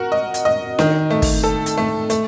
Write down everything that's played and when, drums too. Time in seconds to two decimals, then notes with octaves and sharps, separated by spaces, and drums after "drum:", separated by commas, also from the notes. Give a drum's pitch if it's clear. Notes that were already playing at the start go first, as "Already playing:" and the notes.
Already playing: F#4 A#4
0.12 D#5
0.34 drum: hi-hat
0.45 D#5
0.79 D#3, drum: snare D4
1.10 A3
1.22 drum: kick, open hi-hat
1.44 A4
1.66 drum: hi-hat
1.77 A3
2.10 A3, drum: hi-hat